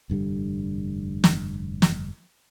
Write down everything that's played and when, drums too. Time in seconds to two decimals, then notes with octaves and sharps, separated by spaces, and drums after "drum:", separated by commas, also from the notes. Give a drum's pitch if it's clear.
0.10 F1 G2 D3 G3
1.24 drum: snare
1.82 drum: snare